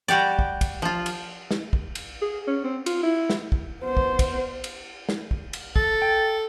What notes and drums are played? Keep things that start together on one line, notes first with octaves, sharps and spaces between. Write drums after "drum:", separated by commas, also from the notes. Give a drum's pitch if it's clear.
G3 F#4 G4 D5
drum: kick
drum: kick, cymbal
F3 F4
drum: cymbal
drum: snare
drum: kick
drum: cymbal
G#4
C#4
C4
F4, drum: cymbal
E4
drum: snare
drum: kick
B3 C5
drum: kick
drum: kick, cymbal
drum: cymbal
drum: snare
drum: kick
drum: cymbal
A4 A6, drum: kick
G5